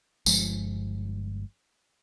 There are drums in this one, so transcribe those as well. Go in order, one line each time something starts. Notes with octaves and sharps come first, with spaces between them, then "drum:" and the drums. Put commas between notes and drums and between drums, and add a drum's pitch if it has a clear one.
G1 G2 F3 G#3, drum: tambourine